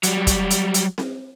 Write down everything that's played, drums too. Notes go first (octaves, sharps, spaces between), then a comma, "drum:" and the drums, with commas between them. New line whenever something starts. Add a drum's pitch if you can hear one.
F#3 G3, drum: hi-hat
drum: kick, hi-hat
drum: hi-hat
drum: hi-hat
drum: snare C4